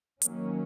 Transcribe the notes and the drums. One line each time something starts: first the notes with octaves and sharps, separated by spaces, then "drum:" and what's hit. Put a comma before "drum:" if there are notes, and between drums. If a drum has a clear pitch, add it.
D#3 F#3 A#3 C#4, drum: hi-hat